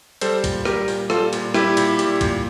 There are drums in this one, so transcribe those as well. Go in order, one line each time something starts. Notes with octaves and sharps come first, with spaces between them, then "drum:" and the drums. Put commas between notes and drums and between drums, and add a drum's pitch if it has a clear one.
G3 A4 C5, drum: hi-hat
A#2, drum: kick, hi-hat
G3 G4 A#4, drum: rim click
A#2, drum: open hi-hat
G3 F4 A4, drum: rim click
A#2, drum: hi-hat
G3 E4 G4, drum: rim click
A#2, drum: hi-hat
G3, drum: hi-hat
A#2, drum: kick, hi-hat